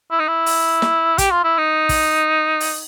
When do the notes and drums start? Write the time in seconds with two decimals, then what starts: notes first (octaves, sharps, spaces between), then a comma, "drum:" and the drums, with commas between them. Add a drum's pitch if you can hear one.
0.11 E4
0.20 D#4
0.28 E4
0.46 drum: open hi-hat
0.82 drum: snare
1.18 G4, drum: kick, hi-hat
1.31 F4
1.44 E4
1.58 D#4
1.89 drum: kick, open hi-hat
2.60 drum: open hi-hat